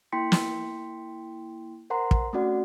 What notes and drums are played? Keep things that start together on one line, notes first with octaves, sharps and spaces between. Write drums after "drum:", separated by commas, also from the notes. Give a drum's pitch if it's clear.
A#3 E4 G5 C6 B6 C#7
drum: snare
A#4 C5 F#5 A#5 C6
drum: kick
A3 C4 C#4 F#4 D5 F#5